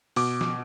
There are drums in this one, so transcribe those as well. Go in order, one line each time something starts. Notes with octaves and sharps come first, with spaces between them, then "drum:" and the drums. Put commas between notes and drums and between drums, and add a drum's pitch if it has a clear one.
B2 D6, drum: open hi-hat
drum: snare